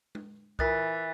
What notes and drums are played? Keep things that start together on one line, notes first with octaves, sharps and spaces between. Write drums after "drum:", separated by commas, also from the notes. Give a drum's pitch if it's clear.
drum: tom G#3
E3 F4 A#4 D#6 F#6 A6 B6, drum: kick C2